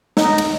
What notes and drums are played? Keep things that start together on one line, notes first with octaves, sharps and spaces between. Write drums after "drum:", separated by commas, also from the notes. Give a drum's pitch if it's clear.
D#4, drum: snare
drum: cymbal